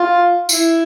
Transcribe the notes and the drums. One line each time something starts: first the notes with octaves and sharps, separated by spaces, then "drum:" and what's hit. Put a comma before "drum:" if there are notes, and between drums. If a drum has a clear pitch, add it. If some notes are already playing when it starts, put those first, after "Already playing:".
Already playing: F4
E4, drum: tambourine